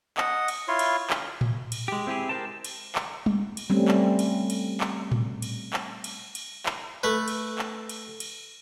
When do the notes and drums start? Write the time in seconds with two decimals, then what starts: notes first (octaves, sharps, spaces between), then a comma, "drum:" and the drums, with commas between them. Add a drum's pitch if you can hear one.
0.17 D#5 F#5, drum: clap
0.48 drum: cymbal
0.68 E4 F4 C#5 C6
0.79 drum: cymbal
1.10 drum: clap
1.41 drum: tom A2
1.72 drum: cymbal
1.88 G#3 G4
2.07 C4 E4 G4 G#4
2.29 G4 A#4 C5 G5 A5
2.64 drum: cymbal
2.95 drum: clap
3.26 drum: tom
3.57 drum: cymbal
3.70 G3 A3 C4 C#4
3.88 drum: clap
4.19 drum: cymbal
4.50 drum: cymbal
4.81 drum: clap
5.12 drum: tom A2
5.42 drum: cymbal
5.73 drum: clap
6.04 drum: cymbal
6.35 drum: cymbal
6.66 drum: clap
7.03 A3 B4
7.28 drum: cymbal
7.59 drum: clap
7.89 drum: cymbal
8.20 drum: cymbal